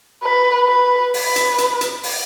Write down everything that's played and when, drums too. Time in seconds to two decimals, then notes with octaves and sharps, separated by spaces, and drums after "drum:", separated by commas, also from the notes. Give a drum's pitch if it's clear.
0.23 B4
0.67 B4
1.14 B4, drum: open hi-hat
1.36 drum: hi-hat
1.58 drum: hi-hat
1.81 drum: hi-hat
2.03 drum: open hi-hat